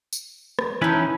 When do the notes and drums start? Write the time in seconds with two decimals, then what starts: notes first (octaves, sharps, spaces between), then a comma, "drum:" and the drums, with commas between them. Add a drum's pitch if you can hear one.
0.13 drum: tambourine
0.59 drum: rim click
0.82 E3 C#4 D#4 E4 B4